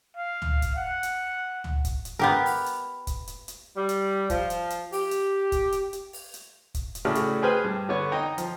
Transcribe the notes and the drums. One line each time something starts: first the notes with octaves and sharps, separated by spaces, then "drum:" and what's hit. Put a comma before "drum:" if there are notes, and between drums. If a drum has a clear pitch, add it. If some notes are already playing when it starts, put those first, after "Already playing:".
F5
drum: tom C#2
drum: kick, hi-hat
F#5
drum: hi-hat
drum: tom C#2
drum: kick, hi-hat
drum: hi-hat
B3 G4 A#4
drum: open hi-hat
drum: hi-hat
drum: kick, hi-hat
drum: hi-hat
drum: hi-hat
G3
drum: hi-hat
F3, drum: kick, hi-hat
drum: hi-hat
drum: hi-hat
G4, drum: open hi-hat
drum: hi-hat
drum: kick, hi-hat
drum: hi-hat
drum: hi-hat
drum: open hi-hat
drum: hi-hat
drum: kick, hi-hat
drum: hi-hat
A2 C#3 A3 F#4 D5 F6
drum: hi-hat
G#4 B4 C5 G5 G#5 F6
G2
D3 B3 C#5
D#4 D#5 G5 A#5
F3, drum: hi-hat